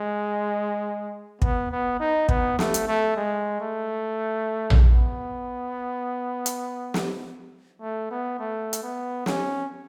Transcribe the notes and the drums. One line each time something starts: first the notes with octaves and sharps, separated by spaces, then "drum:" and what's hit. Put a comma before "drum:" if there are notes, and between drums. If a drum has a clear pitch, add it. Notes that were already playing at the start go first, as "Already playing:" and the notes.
Already playing: G#3
B3, drum: kick
B3
D#4
B3, drum: kick
A3, drum: snare
drum: hi-hat
A3
G#3
A3
drum: tom A#1
B3
drum: hi-hat
drum: snare
A3
B3
A3
drum: hi-hat
B3
C#4, drum: snare